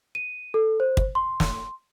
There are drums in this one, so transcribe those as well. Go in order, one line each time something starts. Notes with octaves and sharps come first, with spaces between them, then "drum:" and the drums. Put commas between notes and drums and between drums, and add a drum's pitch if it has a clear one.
D#7
A4
C5
drum: kick
C6
drum: snare